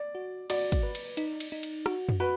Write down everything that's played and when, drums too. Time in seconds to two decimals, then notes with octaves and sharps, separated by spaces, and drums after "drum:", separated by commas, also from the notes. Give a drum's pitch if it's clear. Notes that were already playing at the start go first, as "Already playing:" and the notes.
Already playing: D5
0.15 F#4
0.50 F#4 D5, drum: cymbal
0.72 drum: kick, cymbal
0.83 B4
0.95 drum: cymbal
1.17 D#4, drum: cymbal
1.40 drum: cymbal
1.52 D#4
1.63 drum: cymbal
1.86 F#4, drum: rim click
2.09 drum: tom
2.20 F#4 B4